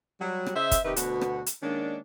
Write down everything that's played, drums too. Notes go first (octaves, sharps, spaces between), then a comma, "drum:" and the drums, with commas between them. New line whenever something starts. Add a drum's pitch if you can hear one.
F#3 G3 F#5
drum: rim click
C#3 C5 D#5 E5
drum: kick, hi-hat
C3 D#3 G4 B4 D#5 E5
D2 B2 B3 F#4, drum: hi-hat
drum: rim click
drum: hi-hat
D#3 G#3 A#3 C#4 D4